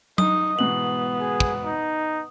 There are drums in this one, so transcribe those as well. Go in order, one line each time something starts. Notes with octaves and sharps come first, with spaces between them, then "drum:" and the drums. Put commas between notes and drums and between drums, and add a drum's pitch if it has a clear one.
D#4 D#5 D#6, drum: tom F#3
G#2 B2 E3 B3 F#7
G#4
drum: kick
D#4